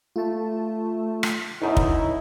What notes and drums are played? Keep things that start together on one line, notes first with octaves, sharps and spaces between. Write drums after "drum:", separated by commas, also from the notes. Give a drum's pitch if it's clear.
A3 F4 A5
drum: rim click
B1 F#2 B2 D#4 E4
drum: kick